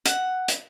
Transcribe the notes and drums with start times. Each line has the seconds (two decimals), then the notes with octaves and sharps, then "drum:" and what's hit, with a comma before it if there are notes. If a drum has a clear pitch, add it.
0.06 F#5, drum: hi-hat
0.48 drum: hi-hat